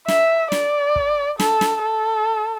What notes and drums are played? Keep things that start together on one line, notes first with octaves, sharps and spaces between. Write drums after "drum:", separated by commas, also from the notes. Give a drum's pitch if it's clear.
E5, drum: snare
D5, drum: snare
drum: kick
A4, drum: snare
drum: snare
A4